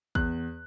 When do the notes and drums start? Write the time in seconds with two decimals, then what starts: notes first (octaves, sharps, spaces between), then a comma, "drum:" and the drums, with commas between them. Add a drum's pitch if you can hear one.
0.15 E2 F#6, drum: kick